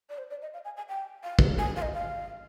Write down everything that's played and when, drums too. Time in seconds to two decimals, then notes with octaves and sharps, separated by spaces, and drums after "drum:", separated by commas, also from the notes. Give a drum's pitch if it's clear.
0.10 D5
0.18 C5
0.31 D5
0.42 D#5
0.54 F5
0.65 G#5
0.77 G#5
0.89 G5
1.23 F5
1.39 drum: kick
1.59 G#5
1.76 F5
1.82 D#5
1.94 F5